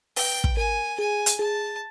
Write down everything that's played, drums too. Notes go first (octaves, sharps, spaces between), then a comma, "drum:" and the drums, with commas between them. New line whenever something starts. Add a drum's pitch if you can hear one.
B4 G5, drum: open hi-hat
drum: kick
A#4 G#5
G#4 G#5
drum: hi-hat
G#4 A5